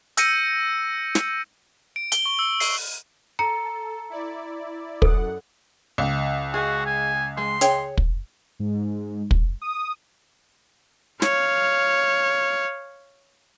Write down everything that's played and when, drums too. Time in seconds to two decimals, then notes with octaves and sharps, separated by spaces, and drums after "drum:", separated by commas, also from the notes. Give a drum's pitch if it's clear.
0.17 E6 G6 A#6 C#7 D#7, drum: hi-hat
1.15 drum: snare
1.96 D7
2.12 G7, drum: hi-hat
2.26 C#6
2.39 E6
2.60 C7, drum: open hi-hat
3.39 A4 A#5 C#7
4.10 E4 D5
5.02 F#2 A4 F#5 D#6, drum: kick
5.98 C#2
6.54 F#4 G#4
6.86 G#5
7.37 G#3 C6
7.61 G#4 C#5 G5, drum: hi-hat
7.98 drum: kick
8.60 G#2
9.31 drum: kick
9.62 D#6
11.22 C#5 F5, drum: snare